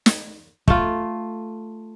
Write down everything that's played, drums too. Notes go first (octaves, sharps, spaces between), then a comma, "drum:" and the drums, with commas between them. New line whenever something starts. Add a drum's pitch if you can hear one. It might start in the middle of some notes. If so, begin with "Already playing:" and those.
drum: snare
A3 F4, drum: kick